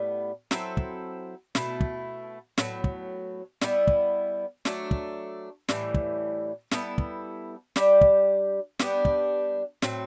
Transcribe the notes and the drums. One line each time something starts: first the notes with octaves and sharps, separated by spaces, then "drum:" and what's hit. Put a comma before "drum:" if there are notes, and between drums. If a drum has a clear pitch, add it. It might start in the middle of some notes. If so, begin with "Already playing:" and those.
Already playing: A2 G3 B3
F#3 C4 E4 A4, drum: snare
drum: kick
B2 A3 E4, drum: snare
drum: kick
A2 F#3 B3, drum: snare
drum: kick
G3 B3 E4, drum: snare
drum: kick
F#3 A3 D4 A4, drum: snare
drum: kick
A2 E3 G3, drum: snare
drum: kick
G3 B3 E4 A4, drum: snare
drum: kick
G3 D4 G4, drum: snare
drum: kick
G3 B3 D4 G4, drum: snare
drum: kick
A2 F#3 C4, drum: snare